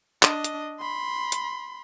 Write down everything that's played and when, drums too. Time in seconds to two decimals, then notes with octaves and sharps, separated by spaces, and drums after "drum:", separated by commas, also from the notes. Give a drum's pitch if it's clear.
0.23 D4 D#5, drum: clap
0.44 drum: hi-hat
0.80 B5 C6
1.32 drum: hi-hat